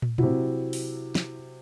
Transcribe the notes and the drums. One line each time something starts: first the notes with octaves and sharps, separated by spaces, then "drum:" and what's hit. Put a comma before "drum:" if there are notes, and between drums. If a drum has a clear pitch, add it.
drum: tom
C3 F#3 E4, drum: tom A#2
drum: open hi-hat
drum: snare